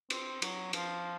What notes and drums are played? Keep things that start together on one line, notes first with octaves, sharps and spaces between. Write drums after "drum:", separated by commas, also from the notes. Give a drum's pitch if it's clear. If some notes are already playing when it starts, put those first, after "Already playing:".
C4, drum: cymbal
F#3, drum: cymbal
F3, drum: cymbal